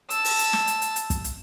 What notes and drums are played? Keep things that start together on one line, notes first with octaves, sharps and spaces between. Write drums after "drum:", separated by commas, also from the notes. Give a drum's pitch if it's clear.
A5 E6, drum: hi-hat
drum: open hi-hat
drum: hi-hat
drum: snare
drum: hi-hat
drum: hi-hat
drum: hi-hat
drum: kick, hi-hat
drum: hi-hat